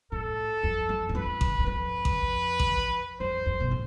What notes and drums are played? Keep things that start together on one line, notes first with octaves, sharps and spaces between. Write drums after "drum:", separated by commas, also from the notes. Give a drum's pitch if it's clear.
A2 A4
F2
F2
G#2
F2 B4
G#2, drum: kick A1
G#2
F2 B4
drum: kick A1
drum: kick A1
F2 C5
F2
B2
A2